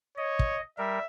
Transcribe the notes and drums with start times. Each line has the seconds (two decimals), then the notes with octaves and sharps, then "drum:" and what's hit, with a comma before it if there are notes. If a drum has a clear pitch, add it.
0.18 C#5 D#5
0.39 drum: kick
0.78 G3 A#4 E5